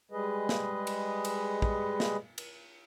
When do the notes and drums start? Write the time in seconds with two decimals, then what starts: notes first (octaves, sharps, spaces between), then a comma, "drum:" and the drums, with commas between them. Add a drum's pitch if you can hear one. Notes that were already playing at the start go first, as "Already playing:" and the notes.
0.11 G3 G#3 G#4 B4 D#5
0.49 drum: snare
0.87 drum: cymbal
1.25 drum: cymbal
1.62 drum: kick
2.00 drum: snare
2.38 drum: cymbal